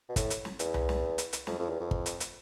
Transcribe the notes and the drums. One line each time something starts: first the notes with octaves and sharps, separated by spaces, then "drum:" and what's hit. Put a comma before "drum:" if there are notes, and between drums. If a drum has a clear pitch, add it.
B2
A2, drum: kick, hi-hat
drum: hi-hat
drum: snare
E2, drum: hi-hat
drum: tom C2
drum: snare
drum: hi-hat
drum: hi-hat
F2, drum: snare
F2
E2
F2
drum: kick
drum: hi-hat
drum: hi-hat